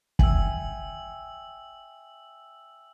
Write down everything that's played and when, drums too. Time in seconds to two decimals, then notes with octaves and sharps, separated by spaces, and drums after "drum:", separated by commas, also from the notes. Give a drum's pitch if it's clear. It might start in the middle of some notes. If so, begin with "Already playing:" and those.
0.19 E5 G5 G#5 E6 F#7, drum: kick